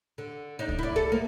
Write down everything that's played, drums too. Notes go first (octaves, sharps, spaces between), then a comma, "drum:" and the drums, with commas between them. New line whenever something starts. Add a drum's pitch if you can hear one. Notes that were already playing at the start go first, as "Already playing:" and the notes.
D3
D4 D#4
drum: kick C#2
E4 D5
A4
A#3